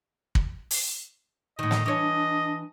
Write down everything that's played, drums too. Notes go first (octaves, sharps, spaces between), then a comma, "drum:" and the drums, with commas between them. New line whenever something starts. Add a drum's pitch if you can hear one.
drum: kick
drum: open hi-hat
A2 D#3 D#5
drum: snare
E3 D4 C#5 D#5 A5